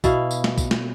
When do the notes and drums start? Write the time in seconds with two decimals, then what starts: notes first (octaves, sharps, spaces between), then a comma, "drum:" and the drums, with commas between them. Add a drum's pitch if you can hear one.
0.04 B2 E4 F5, drum: kick, tambourine
0.31 drum: tambourine
0.44 drum: snare
0.58 drum: kick, tambourine
0.71 drum: snare